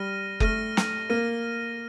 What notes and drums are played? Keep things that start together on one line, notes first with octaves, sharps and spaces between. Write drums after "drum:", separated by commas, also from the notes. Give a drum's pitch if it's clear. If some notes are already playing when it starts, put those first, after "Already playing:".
Already playing: G3 F6 A#6 D#7
A3 F6 A#6 D#7, drum: kick F#1
drum: snare
A#3 F6 A#6 D#7